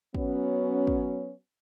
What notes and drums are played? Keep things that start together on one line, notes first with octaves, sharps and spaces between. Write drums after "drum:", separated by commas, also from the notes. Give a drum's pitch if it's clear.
F#3 B3 C#4, drum: kick
drum: kick